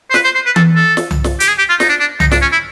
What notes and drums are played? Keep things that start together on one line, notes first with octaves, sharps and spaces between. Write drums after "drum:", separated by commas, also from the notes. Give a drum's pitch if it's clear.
C5
B4, drum: snare
C5
C5
B4
A4, drum: tom E3
A4
drum: snare
drum: tom C2
drum: snare
G4, drum: hi-hat
G#4
G4
F4
D#4, drum: snare
D4
D4
D#4, drum: tom C2
D4, drum: snare
C#4
E4